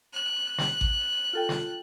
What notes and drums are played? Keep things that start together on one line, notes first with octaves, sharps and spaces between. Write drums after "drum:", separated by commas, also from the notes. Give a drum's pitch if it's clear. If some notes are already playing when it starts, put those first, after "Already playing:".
F#6
drum: snare
drum: kick G#1
F4 A4 G5
drum: snare